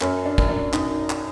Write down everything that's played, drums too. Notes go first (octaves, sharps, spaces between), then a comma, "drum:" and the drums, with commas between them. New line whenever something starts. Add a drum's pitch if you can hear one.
F#2 C#4, drum: clap
D4
F#2, drum: kick
D4
F#2 D#4, drum: clap
drum: clap